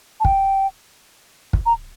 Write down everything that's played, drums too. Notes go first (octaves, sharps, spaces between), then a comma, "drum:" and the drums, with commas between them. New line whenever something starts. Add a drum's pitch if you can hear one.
A5
G5, drum: kick
drum: kick
A#5